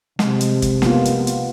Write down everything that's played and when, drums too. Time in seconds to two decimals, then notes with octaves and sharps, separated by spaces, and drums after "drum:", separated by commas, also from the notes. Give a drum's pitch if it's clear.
0.19 C3 G#3, drum: snare
0.41 drum: hi-hat
0.62 drum: kick, hi-hat
0.82 A#3 B3 F4, drum: snare
1.05 drum: hi-hat
1.27 drum: hi-hat